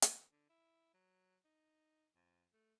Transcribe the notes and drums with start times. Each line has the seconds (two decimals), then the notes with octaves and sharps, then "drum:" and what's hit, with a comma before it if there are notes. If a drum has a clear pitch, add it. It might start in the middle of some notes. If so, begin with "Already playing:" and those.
0.02 D2, drum: hi-hat
0.31 D3
0.49 E4
0.94 F#3
1.45 D#4
2.15 F2
2.53 A3